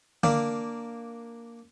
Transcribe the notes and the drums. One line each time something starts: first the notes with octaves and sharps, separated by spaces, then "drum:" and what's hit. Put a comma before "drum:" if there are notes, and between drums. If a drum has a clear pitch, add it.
A#3 D4 F5, drum: tom D3